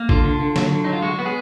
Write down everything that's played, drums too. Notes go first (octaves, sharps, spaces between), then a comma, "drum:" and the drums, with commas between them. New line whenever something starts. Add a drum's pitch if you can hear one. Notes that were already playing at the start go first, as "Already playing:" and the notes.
Already playing: A#3
D3 F4, drum: kick
D3
D3
F#3, drum: snare
D3
F#3 D#4
F4
G#3 F#4
B3 F#4
G#4